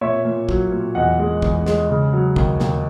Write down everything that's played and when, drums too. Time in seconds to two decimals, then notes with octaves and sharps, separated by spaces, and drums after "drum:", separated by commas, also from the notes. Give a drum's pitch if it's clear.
0.01 A#2 C#5 E5
0.25 A#2
0.49 F#3, drum: kick
0.72 A#2
0.95 E2 D#5 F#5
1.19 G#3
1.42 E2, drum: kick
1.66 G#3, drum: snare
1.90 C#3
2.13 F#3
2.36 D#2, drum: kick
2.60 D#2, drum: snare